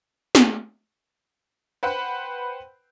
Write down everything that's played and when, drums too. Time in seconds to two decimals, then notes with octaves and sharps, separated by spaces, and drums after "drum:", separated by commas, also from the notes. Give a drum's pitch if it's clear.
0.35 drum: snare
1.83 B4 C5 F#5 G5 B5